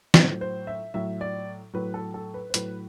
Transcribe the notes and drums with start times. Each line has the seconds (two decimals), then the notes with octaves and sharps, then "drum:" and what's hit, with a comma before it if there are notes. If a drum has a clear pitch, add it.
0.14 A2 F#3 C5, drum: snare
0.41 C5
0.67 E5
0.94 A2 F#3 E5
1.21 D5
1.74 A2 F#3 B4
1.94 A4
2.14 A4
2.34 B4
2.50 C5
2.54 A2 F#3 B4, drum: hi-hat